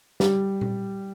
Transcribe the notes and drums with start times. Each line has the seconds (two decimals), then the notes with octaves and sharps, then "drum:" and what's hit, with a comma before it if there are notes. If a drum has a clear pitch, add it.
0.20 G3, drum: snare
0.61 drum: tom A#2